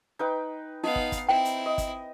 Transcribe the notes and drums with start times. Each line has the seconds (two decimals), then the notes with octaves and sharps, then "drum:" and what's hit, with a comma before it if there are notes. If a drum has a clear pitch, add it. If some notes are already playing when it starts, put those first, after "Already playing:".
0.19 D#4 B4 G5
0.84 B3 D#4 D#5 F5
0.96 drum: kick
1.12 drum: kick, hi-hat
1.29 C4 E4 G5
1.45 drum: hi-hat
1.66 D#5
1.78 drum: kick, hi-hat